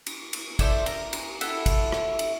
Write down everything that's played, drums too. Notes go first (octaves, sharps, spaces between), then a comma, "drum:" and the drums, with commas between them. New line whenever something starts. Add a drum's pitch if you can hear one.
drum: cymbal
drum: cymbal
E4 A4 C5 D5, drum: kick, cymbal
A#4, drum: cymbal
drum: cymbal
E4 A4 F#5, drum: cymbal
drum: kick, cymbal
drum: rim click
drum: cymbal